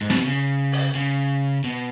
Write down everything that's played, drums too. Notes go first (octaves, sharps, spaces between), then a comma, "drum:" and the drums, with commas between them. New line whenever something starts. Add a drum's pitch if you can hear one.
G#2
A2, drum: snare
B2
C#3
drum: open hi-hat
C#3
B2